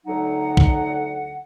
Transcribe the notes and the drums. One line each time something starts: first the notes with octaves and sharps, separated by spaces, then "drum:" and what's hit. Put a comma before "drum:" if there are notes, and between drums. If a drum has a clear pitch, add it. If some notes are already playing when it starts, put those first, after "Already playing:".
D2 D3 F#3 D#4 F#5
drum: kick